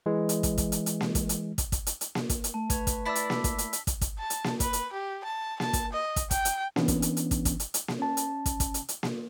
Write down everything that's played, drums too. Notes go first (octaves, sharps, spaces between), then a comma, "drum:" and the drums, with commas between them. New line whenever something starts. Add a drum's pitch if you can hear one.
E3 G#3
drum: hi-hat
drum: kick, hi-hat
drum: kick, hi-hat
drum: hi-hat
drum: hi-hat
drum: snare A#3
drum: kick, hi-hat
drum: hi-hat
drum: kick, hi-hat
drum: kick, hi-hat
drum: hi-hat
drum: hi-hat
drum: snare A#3
drum: kick, hi-hat
drum: hi-hat
A3 A5
B4 C#5, drum: kick, hi-hat
drum: kick, hi-hat
E4 D5 A5 E6 B6
drum: hi-hat
drum: snare A#3
drum: kick, hi-hat
drum: hi-hat
drum: hi-hat
drum: kick, hi-hat
drum: kick, hi-hat
A5
drum: hi-hat
drum: snare A#3
B4, drum: kick, hi-hat
drum: hi-hat
G4
A5
A5, drum: snare A#3
drum: kick, hi-hat
D#5
drum: kick, hi-hat
G5, drum: kick, hi-hat
drum: hi-hat
E3 B3 C#4 D4, drum: snare A#3
drum: kick, hi-hat
drum: hi-hat
drum: hi-hat
drum: kick, hi-hat
drum: kick, hi-hat
drum: hi-hat
drum: hi-hat
drum: snare A#3
C#4 A5
drum: hi-hat
drum: kick, hi-hat
drum: kick, hi-hat
drum: hi-hat
drum: hi-hat
drum: snare A#3